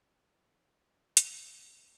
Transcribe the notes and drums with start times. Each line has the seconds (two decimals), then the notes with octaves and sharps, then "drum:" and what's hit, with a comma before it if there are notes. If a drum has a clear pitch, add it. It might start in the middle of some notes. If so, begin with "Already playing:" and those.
Already playing: F#3
0.25 E3
0.56 F3
0.86 F#3
1.17 C4, drum: hi-hat
1.79 C#4